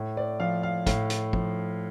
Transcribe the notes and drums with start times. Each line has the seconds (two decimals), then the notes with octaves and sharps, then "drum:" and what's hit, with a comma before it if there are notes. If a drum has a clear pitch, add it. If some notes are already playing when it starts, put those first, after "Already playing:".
Already playing: A2
0.17 D5
0.40 F3 F5
0.63 F5
0.87 A2 F5, drum: kick, hi-hat
1.10 drum: hi-hat
1.33 F3, drum: kick